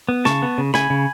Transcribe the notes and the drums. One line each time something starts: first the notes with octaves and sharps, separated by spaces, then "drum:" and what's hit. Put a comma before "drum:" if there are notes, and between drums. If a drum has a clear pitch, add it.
B3
C#3 A5 C#6, drum: snare
B3
C#3
C#3 G#5 B5, drum: snare
C#3